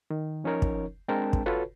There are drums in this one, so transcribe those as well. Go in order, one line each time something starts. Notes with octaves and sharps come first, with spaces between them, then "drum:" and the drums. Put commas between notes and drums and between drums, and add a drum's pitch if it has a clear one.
D#3
F3 C#4 D#4 A#4 C#5
drum: kick
G#3 C4 D4 A#4 G5 A5
drum: kick
F4 F#4 A4 B4 C#5